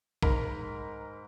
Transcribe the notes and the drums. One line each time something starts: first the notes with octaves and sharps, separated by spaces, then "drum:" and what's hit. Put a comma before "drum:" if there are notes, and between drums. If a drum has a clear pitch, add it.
G#2 A#4 B5, drum: kick